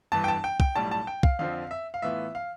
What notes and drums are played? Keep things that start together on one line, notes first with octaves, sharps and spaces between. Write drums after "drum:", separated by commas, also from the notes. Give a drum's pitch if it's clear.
G1 G2 E3 A5
G5
A5
G5
G5, drum: kick
B1 A2 G3 A5
A5
G5
F5, drum: kick
F2 D3 F3 C4 F5
E5
F5
A2 E3 B3 F4 E5
F5